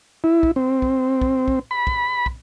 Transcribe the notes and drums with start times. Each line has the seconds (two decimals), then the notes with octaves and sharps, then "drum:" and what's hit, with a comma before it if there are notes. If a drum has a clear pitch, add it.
0.24 E4
0.43 drum: kick
0.56 C4
0.82 drum: kick
1.21 drum: kick
1.48 drum: kick
1.71 B5
1.87 drum: kick
2.26 drum: kick